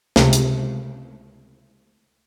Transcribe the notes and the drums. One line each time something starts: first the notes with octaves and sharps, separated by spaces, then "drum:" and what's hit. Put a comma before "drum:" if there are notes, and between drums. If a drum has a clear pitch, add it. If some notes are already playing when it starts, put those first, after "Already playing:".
C#2 C3, drum: snare
drum: hi-hat